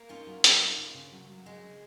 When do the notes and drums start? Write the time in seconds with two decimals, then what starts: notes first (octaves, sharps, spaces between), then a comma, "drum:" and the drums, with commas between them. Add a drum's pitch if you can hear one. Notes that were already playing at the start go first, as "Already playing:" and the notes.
Already playing: A#3
0.09 C#4 D#4 F4
0.27 F#3
0.44 D#4, drum: hi-hat
0.61 D#4
0.77 C#3
0.95 C#3
1.12 F#3
1.28 F#3
1.46 C#3 G#3